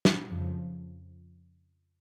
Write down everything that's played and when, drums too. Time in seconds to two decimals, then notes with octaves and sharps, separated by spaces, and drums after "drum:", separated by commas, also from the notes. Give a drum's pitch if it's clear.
0.05 drum: snare
0.29 F2 C#3 F3